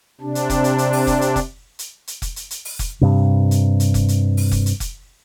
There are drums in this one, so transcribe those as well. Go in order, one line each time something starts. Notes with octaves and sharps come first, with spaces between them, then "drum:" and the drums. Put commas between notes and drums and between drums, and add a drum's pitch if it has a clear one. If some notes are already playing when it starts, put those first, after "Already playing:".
C3 D4
drum: hi-hat
drum: kick F1, hi-hat
drum: hi-hat
drum: hi-hat
drum: open hi-hat
drum: kick F1, hi-hat
drum: hi-hat
drum: kick F1, hi-hat
drum: hi-hat
drum: hi-hat
drum: kick F1, hi-hat
drum: hi-hat
drum: hi-hat
drum: open hi-hat
drum: kick F1, hi-hat
G2 C3
drum: hi-hat
drum: hi-hat
drum: kick F1, hi-hat
drum: hi-hat
drum: open hi-hat
drum: kick F1, hi-hat
drum: hi-hat
drum: kick F1, hi-hat